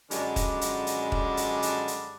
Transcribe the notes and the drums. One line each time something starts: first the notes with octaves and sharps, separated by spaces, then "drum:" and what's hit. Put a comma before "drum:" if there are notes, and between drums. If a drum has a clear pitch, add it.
F#2 D3 G3 G#3 D4, drum: hi-hat
drum: kick, hi-hat
drum: hi-hat
drum: hi-hat
drum: kick
drum: hi-hat
drum: hi-hat
drum: hi-hat